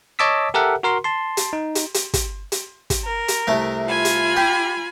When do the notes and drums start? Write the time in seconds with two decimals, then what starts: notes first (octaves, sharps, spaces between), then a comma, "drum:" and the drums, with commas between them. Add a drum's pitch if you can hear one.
0.19 C#5 D#5 A5 D6 E6 B6
0.54 G4 A4 A#4 E5 F#5
0.83 F#4 A#4 C6
1.04 A5 C6
1.37 drum: hi-hat
1.53 D#4
1.75 drum: hi-hat
1.94 drum: hi-hat
2.14 drum: kick, hi-hat
2.52 drum: hi-hat
2.90 drum: kick, hi-hat
3.06 A#4
3.28 drum: hi-hat
3.47 C2 A3
3.87 F4 G#5 B5
4.05 drum: hi-hat
4.36 G4